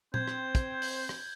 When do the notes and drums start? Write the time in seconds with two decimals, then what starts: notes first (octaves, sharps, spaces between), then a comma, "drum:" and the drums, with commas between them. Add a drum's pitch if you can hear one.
0.14 C4 C5 G6 G#6, drum: tom A#2
0.28 drum: rim click
0.55 drum: kick, hi-hat
0.82 drum: open hi-hat
1.09 drum: rim click